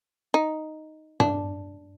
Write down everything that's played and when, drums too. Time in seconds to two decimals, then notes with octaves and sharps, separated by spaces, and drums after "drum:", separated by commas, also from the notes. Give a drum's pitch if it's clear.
0.34 D#4
1.20 D4, drum: tom G2